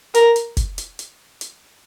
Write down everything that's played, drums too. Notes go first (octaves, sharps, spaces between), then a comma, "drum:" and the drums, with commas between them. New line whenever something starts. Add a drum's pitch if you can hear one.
A#4, drum: hi-hat
drum: hi-hat
drum: kick G1, hi-hat
drum: hi-hat
drum: hi-hat
drum: hi-hat